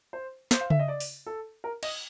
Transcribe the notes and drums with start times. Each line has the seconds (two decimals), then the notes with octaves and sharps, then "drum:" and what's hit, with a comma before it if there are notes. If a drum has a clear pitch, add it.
0.13 C5
0.51 C5, drum: snare
0.61 F5
0.70 E5, drum: tom C#3
0.79 D#5
0.88 D5
1.00 drum: open hi-hat
1.26 A4
1.64 A#4
1.83 D#5, drum: cymbal